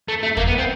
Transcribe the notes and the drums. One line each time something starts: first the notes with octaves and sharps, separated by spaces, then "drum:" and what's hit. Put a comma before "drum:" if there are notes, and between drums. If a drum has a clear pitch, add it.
A3
A3
A#3, drum: kick E2
B3
C4